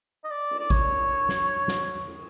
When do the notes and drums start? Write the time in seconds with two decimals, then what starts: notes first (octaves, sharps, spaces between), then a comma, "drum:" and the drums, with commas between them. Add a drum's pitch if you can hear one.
0.24 D#5
0.31 D5
0.51 drum: cymbal
0.60 D5
0.70 C#5, drum: kick G#1
0.90 drum: cymbal
1.29 drum: snare
1.68 drum: snare
2.07 drum: cymbal